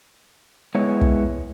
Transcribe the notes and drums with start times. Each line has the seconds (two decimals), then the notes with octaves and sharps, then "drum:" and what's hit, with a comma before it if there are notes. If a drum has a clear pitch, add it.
0.75 G#3 B3 E4 C#5
1.01 drum: kick